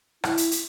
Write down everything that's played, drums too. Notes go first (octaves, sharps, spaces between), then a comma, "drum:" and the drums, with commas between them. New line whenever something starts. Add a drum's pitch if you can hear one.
E4, drum: rim click
drum: hi-hat
drum: hi-hat